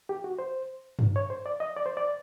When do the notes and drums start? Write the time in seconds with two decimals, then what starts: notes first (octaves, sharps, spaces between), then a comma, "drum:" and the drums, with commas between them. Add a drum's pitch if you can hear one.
0.09 G4
0.24 F#4
0.39 C5
0.99 drum: tom G2
1.16 C#5
1.30 C5
1.46 D5
1.60 D#5
1.76 D5
1.86 C5
1.97 D5